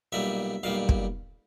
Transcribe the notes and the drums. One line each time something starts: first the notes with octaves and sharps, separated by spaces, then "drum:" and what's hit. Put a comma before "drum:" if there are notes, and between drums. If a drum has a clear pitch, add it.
B1 A#2 G3 E5
B1 A#2 G3 F5
drum: kick